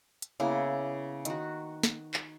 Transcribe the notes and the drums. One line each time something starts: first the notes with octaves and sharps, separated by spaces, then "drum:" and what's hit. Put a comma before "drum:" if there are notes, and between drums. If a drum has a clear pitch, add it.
drum: hi-hat
C#3 A#3 B3 E4
D#3 F#4, drum: hi-hat
drum: snare
drum: clap